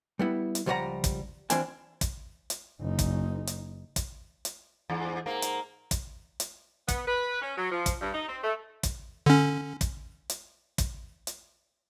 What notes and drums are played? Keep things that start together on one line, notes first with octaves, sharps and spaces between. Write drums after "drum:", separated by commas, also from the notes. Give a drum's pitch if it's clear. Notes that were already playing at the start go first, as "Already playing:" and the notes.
G3 B3 E4
drum: hi-hat
C#2 F3 G3 C#5 F#5 A#5
drum: kick, hi-hat
E3 F3 C4 D4 G#5, drum: hi-hat
drum: kick, hi-hat
drum: hi-hat
F#1 D#4
drum: kick, hi-hat
drum: hi-hat
drum: kick, hi-hat
drum: hi-hat
E2 G#2
G#2 A#3 A#4
drum: hi-hat
drum: kick, hi-hat
drum: hi-hat
B3, drum: kick, hi-hat
B4
C#4
F#3
F3
drum: kick, hi-hat
G2
D#4
C4
A3
drum: kick, hi-hat
D3 C#4
drum: kick, hi-hat
drum: hi-hat
drum: kick, hi-hat
drum: hi-hat